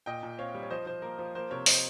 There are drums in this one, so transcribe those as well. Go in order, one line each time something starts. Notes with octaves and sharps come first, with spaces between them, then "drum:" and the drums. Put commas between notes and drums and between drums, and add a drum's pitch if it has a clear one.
A#2 D#5 G5
A#2
C4 C#5 F5
G3
C#5
F3 C5 D#5
F3 C5
A#3 A#4
F3 C5
A#3 C5
C3 A#4 C#5
A#3 C5 D#5, drum: open hi-hat